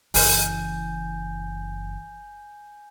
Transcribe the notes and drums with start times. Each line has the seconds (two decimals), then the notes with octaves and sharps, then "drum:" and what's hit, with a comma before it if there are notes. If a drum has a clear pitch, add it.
0.14 F#1 E3 G#5 G6, drum: open hi-hat